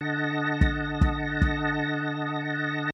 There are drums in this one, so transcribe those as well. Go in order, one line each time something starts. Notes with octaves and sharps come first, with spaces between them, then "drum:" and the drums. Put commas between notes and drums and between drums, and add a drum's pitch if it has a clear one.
D3 D#5 F#5 A5 A#6
drum: kick
drum: kick
drum: kick